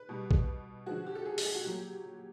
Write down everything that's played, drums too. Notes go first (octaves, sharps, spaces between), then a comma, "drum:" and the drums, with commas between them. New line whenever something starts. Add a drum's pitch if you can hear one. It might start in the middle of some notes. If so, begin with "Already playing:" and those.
Already playing: B4
B2 G3
drum: kick A#1
D3 F3 G#3 F#4
G4
A4
G#4
A4, drum: open hi-hat
G#4
F#4
A#2 F#3 G4